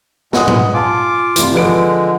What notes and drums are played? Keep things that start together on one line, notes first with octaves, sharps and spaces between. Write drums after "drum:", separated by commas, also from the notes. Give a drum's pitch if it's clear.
A#2 G#3 B3 F#5 D#6, drum: snare
drum: tom G#2
F4 G#5 A5 D6
C2 E3, drum: hi-hat
D3 F3 G#3 B4 D7